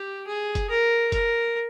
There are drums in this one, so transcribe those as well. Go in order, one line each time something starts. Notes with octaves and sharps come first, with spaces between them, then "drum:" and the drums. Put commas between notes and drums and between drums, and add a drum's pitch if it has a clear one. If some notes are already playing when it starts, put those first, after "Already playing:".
Already playing: G4
G#4
drum: kick F#1, hi-hat
A#4
A#4, drum: kick F#1, hi-hat